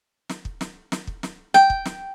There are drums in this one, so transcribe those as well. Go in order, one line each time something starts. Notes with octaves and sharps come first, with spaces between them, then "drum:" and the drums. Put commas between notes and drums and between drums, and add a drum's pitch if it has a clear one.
drum: snare
drum: kick
drum: snare
drum: snare
drum: kick
drum: snare
G5, drum: snare
drum: kick
drum: snare